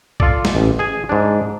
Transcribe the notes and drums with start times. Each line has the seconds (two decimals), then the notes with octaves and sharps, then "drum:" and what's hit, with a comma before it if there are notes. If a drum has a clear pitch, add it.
0.20 F4 A4 D5, drum: kick A#1
0.45 drum: snare
0.55 A1
0.79 G#4 G#5
1.09 G#2 D4